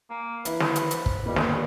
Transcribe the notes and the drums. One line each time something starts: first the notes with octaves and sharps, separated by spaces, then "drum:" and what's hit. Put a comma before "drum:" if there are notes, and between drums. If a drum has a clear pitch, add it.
A#3 G#5
E3 E4 B4, drum: hi-hat
drum: snare
drum: hi-hat
C5, drum: hi-hat
drum: kick
G2 A#2 G3 A#3 B3 A4 D#5
drum: snare